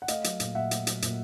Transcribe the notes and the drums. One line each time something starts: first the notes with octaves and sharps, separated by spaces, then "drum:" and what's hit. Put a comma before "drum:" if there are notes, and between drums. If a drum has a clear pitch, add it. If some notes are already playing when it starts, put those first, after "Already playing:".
F#5
A3 D#5 F5, drum: hi-hat
F#3, drum: hi-hat
A#2, drum: hi-hat
A#2 E5 F#5
A3, drum: hi-hat
F#3, drum: hi-hat
A#2, drum: hi-hat